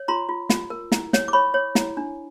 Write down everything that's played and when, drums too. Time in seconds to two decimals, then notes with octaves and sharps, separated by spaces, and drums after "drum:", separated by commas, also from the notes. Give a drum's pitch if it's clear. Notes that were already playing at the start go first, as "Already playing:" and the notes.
Already playing: C#5
0.08 F4 A#5 C6
0.29 F4
0.50 F4, drum: snare
0.70 A#4
0.92 E4, drum: snare
1.13 C#5, drum: snare
1.28 D6
1.33 C#5 B5 C#6
1.54 C#5
1.75 E4, drum: snare
1.97 D4